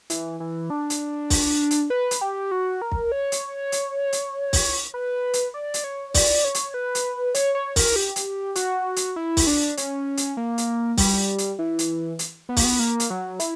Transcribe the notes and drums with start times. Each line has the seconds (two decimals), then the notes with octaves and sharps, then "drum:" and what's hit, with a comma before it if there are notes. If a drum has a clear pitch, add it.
0.10 E3, drum: hi-hat
0.40 E3
0.70 D4
0.90 drum: hi-hat
1.30 drum: kick, open hi-hat
1.71 drum: hi-hat
1.90 B4
2.11 drum: hi-hat
2.21 G4
2.51 F#4
2.82 A#4
2.92 drum: kick
3.12 C#5
3.32 drum: hi-hat
3.72 drum: hi-hat
4.13 drum: hi-hat
4.53 drum: kick, open hi-hat
4.94 B4
5.33 drum: hi-hat
5.54 D5
5.74 drum: hi-hat
5.84 C#5
6.14 D5, drum: kick, open hi-hat
6.44 C#5
6.54 drum: hi-hat
6.74 B4
6.95 drum: hi-hat
7.35 C#5, drum: hi-hat
7.55 C#5
7.76 A#4, drum: kick, open hi-hat
7.96 G4
8.16 drum: hi-hat
8.55 F#4, drum: hi-hat
8.96 drum: hi-hat
9.16 E4
9.37 drum: kick, open hi-hat
9.47 D4
9.77 C#4, drum: hi-hat
10.17 drum: hi-hat
10.37 A#3
10.58 drum: hi-hat
10.97 G3, drum: kick, open hi-hat
11.38 drum: hi-hat
11.59 E3
11.79 drum: hi-hat
12.19 drum: hi-hat
12.49 B3
12.56 A#3, drum: kick, open hi-hat
12.64 B3
12.79 A#3
13.00 drum: hi-hat
13.10 F#3
13.40 E4, drum: hi-hat